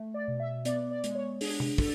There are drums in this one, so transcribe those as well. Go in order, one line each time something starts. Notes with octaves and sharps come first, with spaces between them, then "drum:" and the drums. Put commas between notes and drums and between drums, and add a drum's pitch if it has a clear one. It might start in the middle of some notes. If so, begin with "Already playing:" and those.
Already playing: A3
D5
B2
E5
B3 D5, drum: hi-hat
D5
G#3, drum: hi-hat
C#5
D4 G#4, drum: open hi-hat
drum: tom C3
D4 A4, drum: kick, open hi-hat